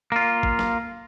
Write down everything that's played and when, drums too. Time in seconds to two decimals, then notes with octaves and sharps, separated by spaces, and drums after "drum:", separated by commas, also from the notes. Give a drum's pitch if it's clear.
0.12 A#3 F4
0.43 drum: kick
0.59 drum: snare